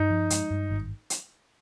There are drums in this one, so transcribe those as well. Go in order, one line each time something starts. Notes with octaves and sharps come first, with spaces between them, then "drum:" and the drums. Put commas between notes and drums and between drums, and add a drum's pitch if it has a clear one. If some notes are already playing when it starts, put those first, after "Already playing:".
Already playing: G2 D#4
F3
G#3, drum: hi-hat
G2
G#1
drum: hi-hat